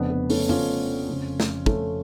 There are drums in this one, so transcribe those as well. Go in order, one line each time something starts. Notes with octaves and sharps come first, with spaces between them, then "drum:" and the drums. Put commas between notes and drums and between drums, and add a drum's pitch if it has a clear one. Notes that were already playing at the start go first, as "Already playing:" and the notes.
Already playing: F1 F2 C#3 B3 D4
B3
A3 C#4, drum: open hi-hat
C#4 F4, drum: tom F2
F1 F2 C#3
drum: snare
A3 C#4, drum: kick